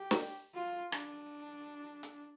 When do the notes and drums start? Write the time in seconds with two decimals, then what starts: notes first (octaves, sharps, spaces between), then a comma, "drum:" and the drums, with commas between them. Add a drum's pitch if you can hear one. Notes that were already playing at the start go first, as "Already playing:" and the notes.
Already playing: G4
0.11 drum: snare
0.54 F4
0.92 D4, drum: rim click
2.03 drum: hi-hat